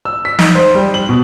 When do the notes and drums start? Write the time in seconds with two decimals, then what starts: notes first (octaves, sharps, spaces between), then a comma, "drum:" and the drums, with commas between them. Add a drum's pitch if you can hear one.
0.05 E6
0.25 B6
0.39 D#4, drum: snare
0.55 C5
0.75 G3
0.94 F#7
1.09 B2